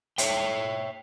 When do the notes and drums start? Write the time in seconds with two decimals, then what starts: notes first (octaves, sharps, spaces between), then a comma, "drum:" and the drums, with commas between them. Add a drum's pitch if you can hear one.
0.18 C#5 E5 G5, drum: hi-hat